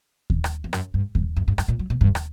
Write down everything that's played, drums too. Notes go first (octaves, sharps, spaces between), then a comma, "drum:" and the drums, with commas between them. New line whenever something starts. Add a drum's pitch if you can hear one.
drum: kick D#2
drum: rim click
E2
F#2, drum: rim click
G2
G2, drum: kick D#2
F#2
G2
F#2, drum: rim click
A#2
F#3
B2
G2, drum: kick D#2
drum: rim click